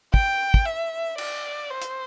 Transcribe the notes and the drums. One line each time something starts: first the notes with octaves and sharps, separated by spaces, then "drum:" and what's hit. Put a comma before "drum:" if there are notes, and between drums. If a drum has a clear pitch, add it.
G5, drum: kick
drum: kick
E5
D5, drum: cymbal
C5
drum: hi-hat